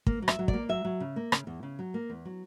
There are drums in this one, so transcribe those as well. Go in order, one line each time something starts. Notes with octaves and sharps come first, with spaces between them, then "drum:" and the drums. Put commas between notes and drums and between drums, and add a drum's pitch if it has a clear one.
A#3, drum: kick
F#3
E5, drum: rim click
F#3
D5, drum: kick
A#3
F#3 E5
F#3
C#3
A#3
C#3, drum: rim click
E2
C#3
F#3
A#3
E2
F#3